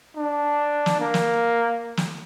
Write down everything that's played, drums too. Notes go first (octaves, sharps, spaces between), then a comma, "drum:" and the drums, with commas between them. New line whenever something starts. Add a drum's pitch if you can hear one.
D4
drum: snare
A#3
drum: snare
drum: snare